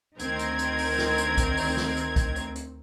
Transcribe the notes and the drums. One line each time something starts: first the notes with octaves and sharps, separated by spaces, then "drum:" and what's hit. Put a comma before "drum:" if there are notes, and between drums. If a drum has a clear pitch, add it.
D2 D#3 C4 A#4 G#6, drum: hi-hat
drum: hi-hat
drum: hi-hat
drum: open hi-hat
drum: snare
drum: hi-hat
drum: kick A#1, hi-hat
drum: open hi-hat
drum: snare
drum: hi-hat
drum: kick A#1, hi-hat
drum: hi-hat
drum: hi-hat